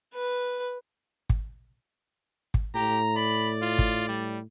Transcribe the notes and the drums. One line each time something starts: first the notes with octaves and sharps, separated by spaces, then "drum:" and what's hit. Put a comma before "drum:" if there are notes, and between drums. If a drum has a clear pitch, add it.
B4
drum: kick
drum: kick
A2 G4 A#5
D5 B5
F4
drum: kick
G3